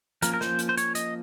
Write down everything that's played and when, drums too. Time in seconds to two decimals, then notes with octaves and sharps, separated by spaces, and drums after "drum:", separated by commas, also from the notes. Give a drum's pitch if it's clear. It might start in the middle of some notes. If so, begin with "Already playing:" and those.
0.22 F3 A#3 C#4 A#4, drum: hi-hat
0.34 A#4
0.41 C5, drum: snare
0.59 drum: hi-hat
0.69 C5
0.77 C#5, drum: hi-hat
0.95 D#5, drum: hi-hat